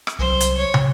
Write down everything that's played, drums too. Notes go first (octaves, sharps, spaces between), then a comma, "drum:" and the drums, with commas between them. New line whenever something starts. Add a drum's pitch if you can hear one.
drum: rim click
C2 F#3 C5
drum: hi-hat
C#5
drum: tom